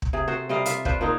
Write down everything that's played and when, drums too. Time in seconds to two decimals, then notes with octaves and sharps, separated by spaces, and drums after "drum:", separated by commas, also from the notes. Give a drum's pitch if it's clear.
0.02 drum: kick
0.13 C3 G#4
0.28 F#4 A4 C5
0.49 C3 G3 D#5 F5
0.66 F4 E5, drum: hi-hat
0.85 D4 F4 B4 C5, drum: kick
1.01 A#2 D4 D#4 G#4